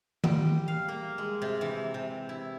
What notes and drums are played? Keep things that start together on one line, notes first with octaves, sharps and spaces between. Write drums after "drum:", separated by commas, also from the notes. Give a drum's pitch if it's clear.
G3, drum: tom D#3
F5
A#3
G#3
C3
E3
C3
E4